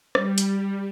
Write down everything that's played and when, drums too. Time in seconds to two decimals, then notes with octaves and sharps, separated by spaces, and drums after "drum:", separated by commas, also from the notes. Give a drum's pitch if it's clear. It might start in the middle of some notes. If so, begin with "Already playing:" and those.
0.15 G3, drum: rim click
0.38 drum: hi-hat